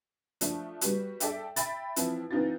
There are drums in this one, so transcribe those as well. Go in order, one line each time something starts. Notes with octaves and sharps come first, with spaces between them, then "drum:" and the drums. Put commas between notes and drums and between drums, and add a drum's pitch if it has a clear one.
F3 A3 D4, drum: hi-hat
G3 B3 F#4, drum: hi-hat
A4 D5 E5 G5, drum: hi-hat
E5 G5 B5 A6, drum: hi-hat
E3 F3 C4 E4, drum: hi-hat
E3 C4 D#4 F4 A6